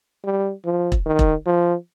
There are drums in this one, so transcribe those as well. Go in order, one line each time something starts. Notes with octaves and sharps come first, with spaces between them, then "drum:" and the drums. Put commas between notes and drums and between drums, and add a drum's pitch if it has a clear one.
G3
F3
drum: kick E1
D#3
drum: kick E1
F3